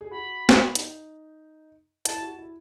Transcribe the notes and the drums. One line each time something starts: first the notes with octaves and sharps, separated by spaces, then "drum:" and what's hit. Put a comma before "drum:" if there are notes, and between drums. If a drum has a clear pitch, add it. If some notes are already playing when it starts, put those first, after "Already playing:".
G#4
F#4 B5
drum: snare
D#4, drum: hi-hat
E4 A5, drum: hi-hat
E4
F#4
E4